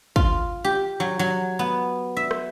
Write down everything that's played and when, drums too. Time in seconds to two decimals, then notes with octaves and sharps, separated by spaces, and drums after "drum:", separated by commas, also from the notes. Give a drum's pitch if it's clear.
0.16 F4, drum: kick
0.64 G4
1.00 F#3
1.19 F#3
1.59 B3
2.17 E5
2.31 drum: rim click